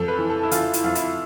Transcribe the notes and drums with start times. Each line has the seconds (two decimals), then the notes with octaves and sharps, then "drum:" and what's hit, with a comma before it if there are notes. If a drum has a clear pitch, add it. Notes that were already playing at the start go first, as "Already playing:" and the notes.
Already playing: F2 A4
0.08 B4
0.18 E3
0.30 A4
0.43 E4
0.51 E3 F4, drum: hi-hat
0.73 E4, drum: hi-hat
0.84 F2 F4
0.95 E4, drum: hi-hat